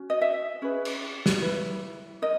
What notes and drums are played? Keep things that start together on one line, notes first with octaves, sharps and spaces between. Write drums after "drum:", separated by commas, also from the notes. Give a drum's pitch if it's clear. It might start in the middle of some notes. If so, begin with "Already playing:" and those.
Already playing: C#4 F#4
D#5
E5
C#4 G#4 B4
drum: cymbal
drum: snare
E4 B4
A#4 D#5